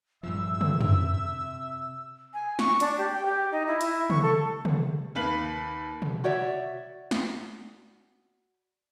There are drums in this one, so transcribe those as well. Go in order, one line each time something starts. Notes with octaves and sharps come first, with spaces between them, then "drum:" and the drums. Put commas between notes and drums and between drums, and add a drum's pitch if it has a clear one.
G2 A#2 F3 E5 E6
drum: tom
C3, drum: tom
G#5
C#6, drum: snare
D4, drum: hi-hat
G4
G5
G4
D#4
E4
E4, drum: hi-hat
C#6, drum: tom
A4
drum: tom
D#2 B4 F5 F#7
drum: tom
F#4 C#5 D5 E5
drum: snare